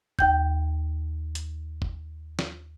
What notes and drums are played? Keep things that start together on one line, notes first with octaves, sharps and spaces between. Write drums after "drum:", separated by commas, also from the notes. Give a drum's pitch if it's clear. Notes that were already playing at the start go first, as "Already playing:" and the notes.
D#2 G5 G6, drum: kick
drum: hi-hat
drum: kick
drum: snare